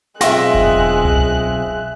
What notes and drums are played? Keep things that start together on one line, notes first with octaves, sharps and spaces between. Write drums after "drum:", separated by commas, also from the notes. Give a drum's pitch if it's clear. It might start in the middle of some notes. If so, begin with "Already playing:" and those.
B1 G#3 C4 F4 E5 F#6 A#6, drum: snare
drum: kick E1
drum: tom C2